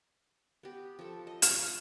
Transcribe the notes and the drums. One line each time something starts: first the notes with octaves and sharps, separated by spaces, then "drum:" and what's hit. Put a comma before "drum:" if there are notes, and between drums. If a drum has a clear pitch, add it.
B3 G4
F3 A4
D#5
F6 E7, drum: hi-hat